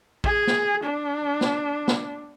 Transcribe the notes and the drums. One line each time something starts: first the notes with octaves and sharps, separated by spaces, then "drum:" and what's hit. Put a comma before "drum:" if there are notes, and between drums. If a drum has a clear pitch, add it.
G#4, drum: kick
drum: snare
D4
drum: snare
drum: snare